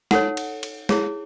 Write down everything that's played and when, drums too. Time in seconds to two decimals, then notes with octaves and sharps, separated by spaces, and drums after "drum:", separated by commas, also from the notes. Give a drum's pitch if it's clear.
0.11 D#4 A4 C#5 F#5, drum: snare
0.37 drum: cymbal
0.63 drum: cymbal
0.89 E4 G#4 C#5, drum: snare